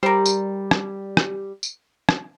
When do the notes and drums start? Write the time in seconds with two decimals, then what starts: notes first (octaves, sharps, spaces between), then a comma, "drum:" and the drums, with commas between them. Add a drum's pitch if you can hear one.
0.03 G3 A#4 C5
0.26 drum: tambourine
0.71 drum: rim click
1.17 drum: rim click
1.63 drum: tambourine
2.09 drum: rim click